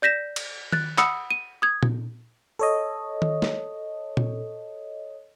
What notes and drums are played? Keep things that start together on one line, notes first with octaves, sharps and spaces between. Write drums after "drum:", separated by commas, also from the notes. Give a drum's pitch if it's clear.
D5 G6 A#6 B6 E7
drum: cymbal
F#6 A6, drum: tom D#3
F#5 B5 D#6 E6 C#7, drum: clap
D#7
D#6 G#6
drum: tom A#2
A4 C#5 D#5
drum: tom D#3
drum: snare
drum: tom A#2